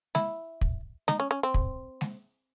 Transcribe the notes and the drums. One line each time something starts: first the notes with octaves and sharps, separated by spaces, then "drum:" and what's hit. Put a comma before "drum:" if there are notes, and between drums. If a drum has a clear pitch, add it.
E4, drum: snare G#3
drum: kick
D#4, drum: snare G#3
C#4
C#4
C4
drum: kick
drum: snare G#3